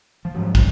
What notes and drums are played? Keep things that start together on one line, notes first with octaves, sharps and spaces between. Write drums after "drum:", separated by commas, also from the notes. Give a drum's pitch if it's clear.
F3
G#2 F#3
drum: kick, cymbal